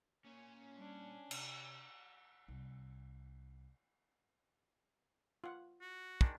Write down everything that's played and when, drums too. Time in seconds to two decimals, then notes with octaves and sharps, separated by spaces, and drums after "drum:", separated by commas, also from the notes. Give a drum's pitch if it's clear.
0.25 A#2 C#4
0.78 G3 D4
1.31 C3 C#5, drum: cymbal
2.48 C2
5.44 F4 F#5
5.81 F#4
6.21 D#3 G#3 D4, drum: kick